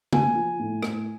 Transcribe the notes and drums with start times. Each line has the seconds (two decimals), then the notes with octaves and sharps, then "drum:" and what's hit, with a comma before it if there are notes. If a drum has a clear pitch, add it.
0.13 A#3 G#5, drum: tom
0.35 F3
0.59 A2
0.83 A2, drum: rim click